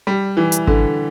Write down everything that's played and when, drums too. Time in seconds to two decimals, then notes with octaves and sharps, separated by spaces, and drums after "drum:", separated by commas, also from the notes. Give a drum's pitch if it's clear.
0.07 G3
0.37 E3
0.52 drum: hi-hat
0.67 D3, drum: kick G#1